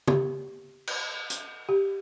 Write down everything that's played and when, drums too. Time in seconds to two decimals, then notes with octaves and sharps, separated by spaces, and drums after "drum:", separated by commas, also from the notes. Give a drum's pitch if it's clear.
0.08 G4, drum: tom
0.87 drum: cymbal
1.30 drum: hi-hat
1.69 G4